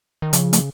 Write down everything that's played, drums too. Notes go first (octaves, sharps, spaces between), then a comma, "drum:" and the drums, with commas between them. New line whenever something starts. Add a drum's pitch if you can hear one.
D#3
C#3 F3, drum: hi-hat
A3, drum: hi-hat